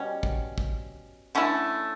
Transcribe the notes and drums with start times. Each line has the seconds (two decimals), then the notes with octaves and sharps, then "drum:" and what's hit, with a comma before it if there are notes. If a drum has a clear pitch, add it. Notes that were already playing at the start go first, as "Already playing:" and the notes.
Already playing: B2 G3 C#4
0.23 drum: kick
0.58 drum: kick
1.35 D3 A3 C#4 E4